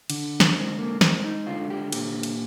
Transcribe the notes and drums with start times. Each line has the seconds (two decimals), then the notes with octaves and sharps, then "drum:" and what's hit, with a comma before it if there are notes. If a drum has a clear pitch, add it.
0.10 D3, drum: cymbal
0.40 drum: snare
0.55 G#3 C4
0.79 A#3
1.01 G#3 C4, drum: snare
1.24 D#4
1.47 D3 F4
1.70 G4
1.92 A#2 G4, drum: cymbal
2.23 drum: cymbal